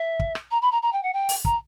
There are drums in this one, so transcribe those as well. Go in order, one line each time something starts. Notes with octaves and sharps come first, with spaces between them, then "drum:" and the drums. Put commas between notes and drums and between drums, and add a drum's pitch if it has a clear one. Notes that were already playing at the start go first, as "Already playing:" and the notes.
Already playing: E5
drum: kick
drum: rim click
A#5
B5
A#5
A#5
G5
F#5
G5
drum: open hi-hat
A#5, drum: kick